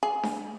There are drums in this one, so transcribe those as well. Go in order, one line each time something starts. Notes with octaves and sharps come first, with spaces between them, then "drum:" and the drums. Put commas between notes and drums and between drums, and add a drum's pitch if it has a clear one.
G#4
drum: snare D4